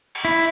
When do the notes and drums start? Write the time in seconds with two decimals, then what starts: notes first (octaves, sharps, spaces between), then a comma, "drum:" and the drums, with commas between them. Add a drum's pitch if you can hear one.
0.15 drum: cymbal
0.25 E4